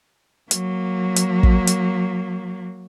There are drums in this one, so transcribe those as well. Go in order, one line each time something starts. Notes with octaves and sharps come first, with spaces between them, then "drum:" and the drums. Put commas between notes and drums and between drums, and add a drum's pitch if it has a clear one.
F#3 A#3, drum: hi-hat
drum: hi-hat
drum: kick
drum: hi-hat